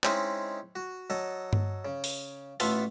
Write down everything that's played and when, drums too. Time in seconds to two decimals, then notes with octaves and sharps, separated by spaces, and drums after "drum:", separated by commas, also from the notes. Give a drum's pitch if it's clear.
0.04 G#3 C4 C#4 D#4 E4 G#4, drum: clap
0.76 F#4
1.10 F#3 A4 D#5
1.53 drum: tom G2
1.85 C#3
2.04 drum: open hi-hat
2.60 A1 A3 B3 F4 A4, drum: open hi-hat